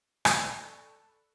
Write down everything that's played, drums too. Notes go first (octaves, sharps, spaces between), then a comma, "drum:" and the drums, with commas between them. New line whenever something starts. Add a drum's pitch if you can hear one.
A4 D5 A5 B5 C#6 F#6, drum: rim click